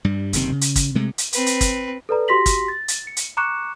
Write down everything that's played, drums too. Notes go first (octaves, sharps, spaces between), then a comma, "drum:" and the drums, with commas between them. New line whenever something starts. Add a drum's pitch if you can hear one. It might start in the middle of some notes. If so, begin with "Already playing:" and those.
G2 G3
F#1 C3 D#3 C4, drum: hi-hat
C#3
drum: hi-hat
drum: kick, hi-hat
C3 G#3 A3
drum: hi-hat
C4 B4, drum: hi-hat
drum: hi-hat
drum: kick, hi-hat
A4 B4 D5 A#5
F#4 G4 C6 A#6 B6 F#7
drum: kick, hi-hat
A6
drum: hi-hat
C#7
drum: hi-hat
A#5 C#6 D6 F#6 C#7 E7